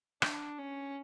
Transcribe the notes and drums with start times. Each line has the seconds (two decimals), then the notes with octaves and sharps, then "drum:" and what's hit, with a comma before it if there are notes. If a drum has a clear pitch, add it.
0.22 D4, drum: rim click
0.59 C#4